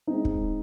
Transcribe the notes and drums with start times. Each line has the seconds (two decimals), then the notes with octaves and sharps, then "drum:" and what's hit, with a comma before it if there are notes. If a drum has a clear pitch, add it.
0.07 G#3 C4 D#4
0.25 drum: kick